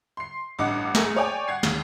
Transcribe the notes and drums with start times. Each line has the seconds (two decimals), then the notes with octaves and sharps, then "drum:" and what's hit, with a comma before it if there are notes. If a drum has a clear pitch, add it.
0.17 C6 C7
0.59 A1 G2 D#5 F#5 D6
0.95 A3 G#4 A#4, drum: snare
1.16 C#5 D5 G5 G#5
1.48 F#5 G#6 C7
1.63 D#2, drum: snare